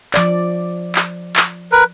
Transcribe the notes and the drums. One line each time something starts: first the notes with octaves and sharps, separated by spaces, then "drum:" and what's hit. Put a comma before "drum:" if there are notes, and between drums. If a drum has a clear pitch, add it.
F3 D5, drum: clap
drum: clap
drum: clap
A#4 B4